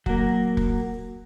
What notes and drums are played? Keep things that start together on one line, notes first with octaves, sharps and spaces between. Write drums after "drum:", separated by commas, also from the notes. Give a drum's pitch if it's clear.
F#3 A#3, drum: kick
drum: kick